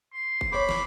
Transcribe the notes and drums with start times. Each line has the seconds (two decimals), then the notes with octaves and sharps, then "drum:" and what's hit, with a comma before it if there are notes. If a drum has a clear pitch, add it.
0.13 C6
0.41 drum: kick
0.52 C5 C#5 B5 D6
0.69 drum: snare